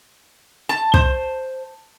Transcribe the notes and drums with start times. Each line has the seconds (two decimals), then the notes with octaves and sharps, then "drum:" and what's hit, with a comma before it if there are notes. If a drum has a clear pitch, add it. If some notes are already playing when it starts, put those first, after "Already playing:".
0.69 A5
0.94 C5, drum: kick